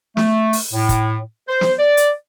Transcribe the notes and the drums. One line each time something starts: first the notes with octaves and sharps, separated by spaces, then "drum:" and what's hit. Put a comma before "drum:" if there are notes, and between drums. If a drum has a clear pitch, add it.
A3, drum: snare
drum: open hi-hat
A2
drum: kick, hi-hat
C5
drum: snare
D5
drum: hi-hat